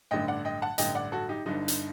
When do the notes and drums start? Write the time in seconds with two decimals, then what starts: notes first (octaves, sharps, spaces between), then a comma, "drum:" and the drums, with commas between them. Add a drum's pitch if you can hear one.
0.11 A1 G2 D3 D#5 G5
0.28 D5 F#5
0.45 D#5 G5
0.62 F#5 A5
0.78 A1 G2 D3 D#5 G5, drum: hi-hat
0.95 D5 F#5
1.12 F#4 A4
1.29 D#4 G4
1.46 G1 G2 D3 D#4
1.68 drum: hi-hat